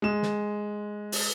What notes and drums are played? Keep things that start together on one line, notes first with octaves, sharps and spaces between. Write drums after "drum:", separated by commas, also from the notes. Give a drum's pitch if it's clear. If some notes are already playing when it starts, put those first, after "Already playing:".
G#3 E7
drum: snare
drum: open hi-hat